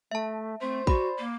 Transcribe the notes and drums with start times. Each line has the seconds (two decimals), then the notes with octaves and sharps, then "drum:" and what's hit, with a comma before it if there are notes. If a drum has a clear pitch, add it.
0.11 A3 E5 A5
0.61 A3 C4 C5
0.87 F#4 D5 B5, drum: kick
1.19 A#3